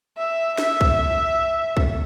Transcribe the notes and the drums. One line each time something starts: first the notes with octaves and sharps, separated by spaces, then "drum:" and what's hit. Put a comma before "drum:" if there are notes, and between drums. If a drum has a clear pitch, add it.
E5
E5, drum: snare
drum: kick B1
drum: kick B1